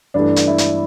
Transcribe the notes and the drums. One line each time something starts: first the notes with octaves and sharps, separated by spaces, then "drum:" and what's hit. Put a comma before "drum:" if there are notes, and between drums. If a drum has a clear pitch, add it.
G2 E3 A3 D4
drum: hi-hat
E4
drum: hi-hat